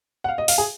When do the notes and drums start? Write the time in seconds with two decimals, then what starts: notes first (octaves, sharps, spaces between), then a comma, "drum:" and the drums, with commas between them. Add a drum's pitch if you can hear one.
0.24 F#5
0.29 F5
0.38 D#5
0.48 F5, drum: open hi-hat
0.58 G#4